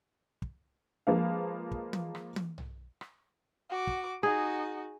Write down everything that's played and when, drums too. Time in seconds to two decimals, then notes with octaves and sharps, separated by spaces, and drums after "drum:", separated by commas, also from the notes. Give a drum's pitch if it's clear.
0.42 drum: kick
1.07 F3 G#3 A#3 B4 F5
1.71 drum: kick
1.93 drum: tom
2.15 drum: rim click
2.36 drum: tom
2.58 drum: tom B1
3.01 drum: rim click
3.70 F#4 D6
3.87 drum: kick
4.23 D#4 F#4 G#4